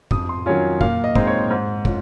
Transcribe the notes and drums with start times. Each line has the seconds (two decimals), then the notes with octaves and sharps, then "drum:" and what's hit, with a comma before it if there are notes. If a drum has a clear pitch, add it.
0.11 F2 D#6, drum: kick
0.29 C6
0.46 D#3 F#3 C#4 F4 G#5
0.81 A#2 F5, drum: kick
1.04 D#5
1.15 G#3 C4 D#4, drum: kick
1.27 C#5
1.50 G#2 C5
1.85 C#4 F4, drum: kick